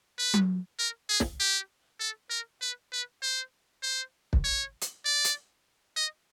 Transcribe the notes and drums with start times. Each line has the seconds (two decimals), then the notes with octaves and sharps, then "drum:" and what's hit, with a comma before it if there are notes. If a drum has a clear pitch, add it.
0.19 B4
0.34 drum: tom F#3
0.79 A#4
1.09 G#4
1.20 drum: snare
1.40 G4
2.00 A4
2.30 A#4
2.61 B4
2.92 B4
3.22 C5
3.83 C5
4.33 drum: kick
4.44 C#5
4.81 drum: hi-hat
5.05 D5
5.24 drum: hi-hat
5.97 D#5